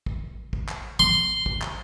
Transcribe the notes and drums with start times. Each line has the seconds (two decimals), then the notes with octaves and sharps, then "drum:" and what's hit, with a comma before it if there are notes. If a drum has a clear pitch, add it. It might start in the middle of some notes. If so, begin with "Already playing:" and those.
0.06 drum: kick
0.53 drum: kick
0.68 drum: clap
0.99 C6, drum: kick
1.46 drum: kick
1.62 drum: clap